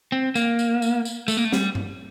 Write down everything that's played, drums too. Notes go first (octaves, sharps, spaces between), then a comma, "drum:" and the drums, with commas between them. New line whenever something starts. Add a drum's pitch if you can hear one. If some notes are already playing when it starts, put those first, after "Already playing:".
C4
A#3, drum: tambourine
drum: tambourine
drum: tambourine
drum: tambourine
A3, drum: tambourine
A#3
A3
G3, drum: snare
drum: tom G2